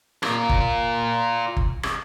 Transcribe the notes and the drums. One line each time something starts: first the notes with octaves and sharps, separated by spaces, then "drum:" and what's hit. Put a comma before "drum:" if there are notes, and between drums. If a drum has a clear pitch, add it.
F4 A#4, drum: rim click
drum: kick F#1
drum: kick F#1
drum: rim click